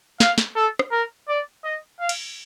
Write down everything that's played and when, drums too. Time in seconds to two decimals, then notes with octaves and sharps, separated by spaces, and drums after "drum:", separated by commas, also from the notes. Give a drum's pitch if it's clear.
0.20 F5, drum: snare
0.38 drum: snare
0.56 A4
0.79 drum: rim click
0.92 A#4
1.28 D5
1.64 D#5
2.00 F5
2.09 drum: cymbal